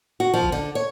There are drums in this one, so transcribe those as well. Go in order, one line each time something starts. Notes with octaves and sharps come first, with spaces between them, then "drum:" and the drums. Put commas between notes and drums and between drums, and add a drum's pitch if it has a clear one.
F#4
F3
drum: kick A1
D3
C#5